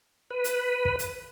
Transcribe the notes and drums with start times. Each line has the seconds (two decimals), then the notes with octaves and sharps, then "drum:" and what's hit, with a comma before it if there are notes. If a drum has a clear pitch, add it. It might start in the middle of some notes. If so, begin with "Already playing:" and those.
0.30 B4
0.44 drum: hi-hat
0.85 drum: kick
0.99 drum: hi-hat